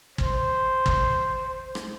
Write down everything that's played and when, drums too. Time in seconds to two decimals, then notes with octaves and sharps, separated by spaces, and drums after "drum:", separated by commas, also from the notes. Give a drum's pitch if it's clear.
0.18 C5, drum: kick
0.86 drum: kick
1.75 drum: rim click